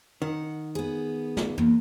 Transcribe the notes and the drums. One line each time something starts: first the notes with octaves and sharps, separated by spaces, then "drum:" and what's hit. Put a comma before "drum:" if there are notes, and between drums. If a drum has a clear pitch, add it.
D#3 F#5
B3 G#4
drum: snare
E2 A#3, drum: tom